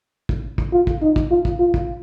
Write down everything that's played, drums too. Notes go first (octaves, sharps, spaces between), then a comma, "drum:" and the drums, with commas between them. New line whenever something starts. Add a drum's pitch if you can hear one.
drum: kick
drum: kick
F4
drum: kick
D#4
drum: kick
F4
drum: kick
F4
drum: kick